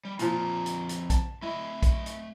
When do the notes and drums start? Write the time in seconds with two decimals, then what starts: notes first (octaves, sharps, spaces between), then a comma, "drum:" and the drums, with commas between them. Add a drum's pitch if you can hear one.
0.05 G3
0.19 F2 A#2 F3 A#5, drum: hi-hat
0.66 drum: hi-hat
0.89 drum: hi-hat
1.10 A5, drum: kick A#1, hi-hat
1.42 A3 E4 D#5
1.83 drum: kick A#1, hi-hat
2.06 drum: hi-hat